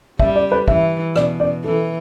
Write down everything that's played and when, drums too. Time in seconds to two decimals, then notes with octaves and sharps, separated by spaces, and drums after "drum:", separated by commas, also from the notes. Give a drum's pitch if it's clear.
0.19 G3 E5, drum: kick
0.36 D5
0.52 B4
0.68 E3 E5, drum: kick
1.16 B2 D5, drum: rim click
1.40 D5
1.64 E3 A4